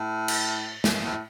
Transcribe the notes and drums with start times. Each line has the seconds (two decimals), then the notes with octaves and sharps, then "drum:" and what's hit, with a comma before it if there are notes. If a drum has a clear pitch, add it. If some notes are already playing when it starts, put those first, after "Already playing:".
Already playing: A2
0.28 drum: cymbal
0.84 drum: snare
1.04 A2